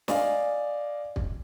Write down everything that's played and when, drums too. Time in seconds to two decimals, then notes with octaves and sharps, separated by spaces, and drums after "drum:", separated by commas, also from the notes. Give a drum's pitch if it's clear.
0.08 D5 D#5 F5 G#5, drum: snare
1.16 drum: kick